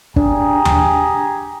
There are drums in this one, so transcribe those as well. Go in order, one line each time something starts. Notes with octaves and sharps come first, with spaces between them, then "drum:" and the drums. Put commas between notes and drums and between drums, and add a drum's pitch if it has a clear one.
D4 G4 G#4 A#5, drum: kick
drum: tom D#2